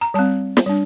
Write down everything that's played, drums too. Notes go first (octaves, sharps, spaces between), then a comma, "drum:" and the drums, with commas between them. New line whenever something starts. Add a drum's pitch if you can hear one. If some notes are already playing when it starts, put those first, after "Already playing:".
A#5
G3 C4 A5
drum: snare
G3 D4